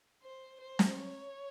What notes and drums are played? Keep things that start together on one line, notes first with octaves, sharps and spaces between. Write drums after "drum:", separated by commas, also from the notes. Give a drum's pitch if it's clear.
C5
C5
drum: snare
C#5